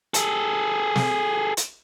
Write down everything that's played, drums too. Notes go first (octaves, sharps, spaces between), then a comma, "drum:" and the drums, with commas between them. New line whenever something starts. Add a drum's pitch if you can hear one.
G#4 A4, drum: hi-hat
drum: snare
drum: hi-hat